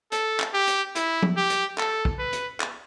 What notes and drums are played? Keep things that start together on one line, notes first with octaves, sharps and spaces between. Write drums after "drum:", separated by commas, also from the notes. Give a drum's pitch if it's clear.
A4, drum: hi-hat
drum: clap
G4
drum: hi-hat
E4, drum: hi-hat
drum: tom F3
G4
drum: hi-hat
A4, drum: clap
drum: kick
B4
drum: hi-hat
drum: clap